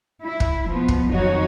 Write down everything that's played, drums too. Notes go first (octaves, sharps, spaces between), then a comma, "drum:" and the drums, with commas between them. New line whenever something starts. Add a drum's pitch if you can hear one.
E4
drum: kick
B2 F3 B3
drum: kick
F2 D#3 F#3 D#4 F#4 C#5